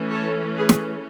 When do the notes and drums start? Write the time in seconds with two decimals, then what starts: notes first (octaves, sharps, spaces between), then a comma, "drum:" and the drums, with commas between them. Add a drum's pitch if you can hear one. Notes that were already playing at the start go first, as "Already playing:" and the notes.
Already playing: E3 A3 C#4
0.10 A4 C#5
0.56 G#4 B4
0.69 drum: snare